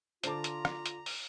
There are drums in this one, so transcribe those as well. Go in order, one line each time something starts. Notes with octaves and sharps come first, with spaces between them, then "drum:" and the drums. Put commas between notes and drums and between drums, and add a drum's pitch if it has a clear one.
D3 F4 A4 C5 D5 A5 A#5 D6, drum: hi-hat
drum: hi-hat
drum: rim click
drum: hi-hat
drum: open hi-hat